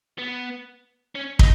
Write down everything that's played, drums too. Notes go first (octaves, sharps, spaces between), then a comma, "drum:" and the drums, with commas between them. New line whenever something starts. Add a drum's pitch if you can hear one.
B3
C#4
D#4, drum: kick